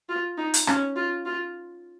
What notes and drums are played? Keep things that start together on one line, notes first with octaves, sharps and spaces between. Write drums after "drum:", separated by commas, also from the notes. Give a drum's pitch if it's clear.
F4
D#4
drum: hi-hat
C#4, drum: rim click
F4
F4